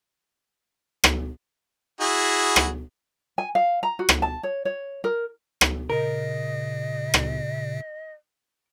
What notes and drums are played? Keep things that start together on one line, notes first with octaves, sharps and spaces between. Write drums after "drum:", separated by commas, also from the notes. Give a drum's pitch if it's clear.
drum: rim click
E4 F#4 G#4
drum: rim click
G#5
F5
A#5
F#4
drum: rim click
A5
C#5
C#5
A#4
drum: rim click
A#2 C#3 A#4 D#5
drum: rim click